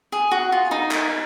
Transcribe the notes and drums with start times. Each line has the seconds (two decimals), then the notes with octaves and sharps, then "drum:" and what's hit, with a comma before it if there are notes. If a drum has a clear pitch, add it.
0.12 G#4
0.31 F#4
0.52 F4
0.71 D#4
0.91 drum: clap